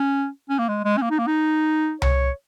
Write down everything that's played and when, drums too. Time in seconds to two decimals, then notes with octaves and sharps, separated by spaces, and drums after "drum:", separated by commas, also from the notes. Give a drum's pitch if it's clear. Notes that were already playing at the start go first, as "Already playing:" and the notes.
Already playing: C#4
0.50 C#4
0.59 A#3
0.69 G#3
0.85 G#3
0.97 C#4
1.02 A#3
1.10 D#4
1.19 A#3
1.27 D#4
2.02 C#5, drum: tom C2